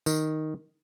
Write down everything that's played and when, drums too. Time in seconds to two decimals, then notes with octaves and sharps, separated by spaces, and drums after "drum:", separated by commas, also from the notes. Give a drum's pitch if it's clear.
0.06 D#3, drum: tambourine